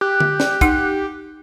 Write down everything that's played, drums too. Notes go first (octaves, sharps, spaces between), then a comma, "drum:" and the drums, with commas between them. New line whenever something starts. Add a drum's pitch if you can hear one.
G4 F#6
drum: tom D3
drum: snare
D#4 F#5, drum: kick, hi-hat